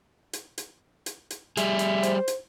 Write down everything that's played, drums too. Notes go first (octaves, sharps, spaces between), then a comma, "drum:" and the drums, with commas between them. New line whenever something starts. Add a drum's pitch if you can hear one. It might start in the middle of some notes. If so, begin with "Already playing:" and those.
drum: hi-hat
drum: hi-hat
drum: hi-hat
drum: hi-hat
G3 G#4 E5, drum: hi-hat
drum: hi-hat
C5, drum: hi-hat
drum: hi-hat